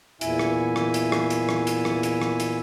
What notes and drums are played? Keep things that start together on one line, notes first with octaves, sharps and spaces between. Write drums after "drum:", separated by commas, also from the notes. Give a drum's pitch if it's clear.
E2 A#2 E4 E5 G#5, drum: hi-hat
drum: rim click
drum: rim click
drum: hi-hat
drum: rim click
drum: hi-hat
drum: rim click
drum: hi-hat
drum: rim click
drum: hi-hat
drum: rim click
drum: hi-hat